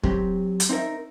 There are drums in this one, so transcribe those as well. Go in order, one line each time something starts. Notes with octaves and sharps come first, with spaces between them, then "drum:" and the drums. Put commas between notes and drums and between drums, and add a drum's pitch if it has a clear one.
F#3 C4 G4, drum: kick
drum: hi-hat
C4 D#4 E4 A#4 E5